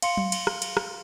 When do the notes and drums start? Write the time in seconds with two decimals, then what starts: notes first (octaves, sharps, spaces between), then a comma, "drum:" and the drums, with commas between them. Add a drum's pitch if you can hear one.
0.02 F5 C6 C#7, drum: cymbal
0.17 drum: tom F#3
0.32 drum: cymbal
0.47 drum: rim click
0.62 drum: cymbal
0.77 drum: rim click